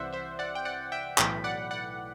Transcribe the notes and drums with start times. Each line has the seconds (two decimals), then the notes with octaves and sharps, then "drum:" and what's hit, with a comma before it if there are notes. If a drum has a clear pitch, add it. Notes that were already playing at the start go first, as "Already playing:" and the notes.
Already playing: C2 C3 E3 C5 D5 E5 F#5
0.13 C5 E5
0.39 D5 F#5
0.55 G5
0.65 D5 F#5
0.92 E5 G5
1.18 B1 A2 E3 G5 B5, drum: clap
1.44 D5 F#5
1.71 D5 F#5